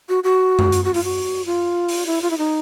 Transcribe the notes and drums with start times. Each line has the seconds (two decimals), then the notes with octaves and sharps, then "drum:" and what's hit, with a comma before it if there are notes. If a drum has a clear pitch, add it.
0.09 F#4
0.24 F#4
0.59 drum: tom F#2
0.72 drum: hi-hat
0.85 F#4
0.94 F4, drum: open hi-hat
1.04 F#4
1.46 F4
1.88 drum: open hi-hat
2.06 E4
2.22 F4
2.31 E4
2.38 D#4